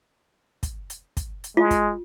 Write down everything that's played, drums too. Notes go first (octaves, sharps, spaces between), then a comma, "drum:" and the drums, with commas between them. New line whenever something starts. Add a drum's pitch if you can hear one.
drum: kick, hi-hat
drum: hi-hat
drum: kick, hi-hat
drum: hi-hat
G#3 F4
drum: kick, hi-hat